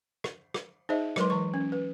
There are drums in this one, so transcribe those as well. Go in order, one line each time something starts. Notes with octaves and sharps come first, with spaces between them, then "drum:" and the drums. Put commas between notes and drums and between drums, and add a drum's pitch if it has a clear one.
drum: rim click
drum: rim click
D#4 G#4 C5 D#5 E5
F#3 G#3 A#4 B4 C6, drum: rim click
E3 C#6
C#4
B4